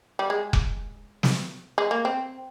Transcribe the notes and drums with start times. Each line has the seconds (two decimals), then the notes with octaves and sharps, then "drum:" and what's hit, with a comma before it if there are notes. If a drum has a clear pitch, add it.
0.19 G3
0.30 G#3
0.53 drum: kick F1
1.23 drum: snare
1.78 G#3
1.91 A#3
2.05 C4